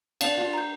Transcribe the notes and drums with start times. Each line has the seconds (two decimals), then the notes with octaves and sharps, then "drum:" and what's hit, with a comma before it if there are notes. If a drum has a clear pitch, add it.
0.21 D4 F5, drum: cymbal
0.37 F4
0.53 A#5 G6